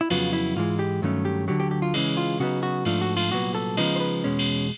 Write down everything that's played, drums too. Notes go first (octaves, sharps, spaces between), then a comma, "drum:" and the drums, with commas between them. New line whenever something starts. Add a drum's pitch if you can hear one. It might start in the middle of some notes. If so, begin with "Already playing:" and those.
E4
F2 C#3 F#3 B3 F4, drum: cymbal
E4
G#2 E3 G#3 F4
G4
G2 D#3 F#3 A3 C#4
G4
D2 D3 F#3 G4
G4
G4
F4
C#3 E3 G#3 C#4, drum: cymbal
F4
C#3 F#3 B3 D#4 F#4
F#4
G#2 F3 A3 D4 F4, drum: cymbal
F#4
F4, drum: cymbal
C2 A#2 F#3 B3 F#4
A4
C#3 F3 G#3 B3 D#4, drum: cymbal
C5
B4
E2 B2 G#3 C#4
drum: cymbal